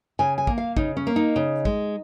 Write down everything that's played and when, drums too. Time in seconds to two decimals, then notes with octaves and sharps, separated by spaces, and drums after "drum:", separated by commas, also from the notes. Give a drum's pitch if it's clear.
0.19 C#3 G#5
0.38 G#5
0.47 A#3, drum: kick
0.58 F5
0.77 C#3 D#4, drum: kick
0.97 C#4
1.07 A#3
1.16 D#4
1.36 C#3
1.65 G#3, drum: kick